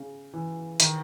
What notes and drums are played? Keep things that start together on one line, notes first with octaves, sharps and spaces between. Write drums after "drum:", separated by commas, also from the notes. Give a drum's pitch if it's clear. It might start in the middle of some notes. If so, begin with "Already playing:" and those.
Already playing: C#3
E3
D#3, drum: hi-hat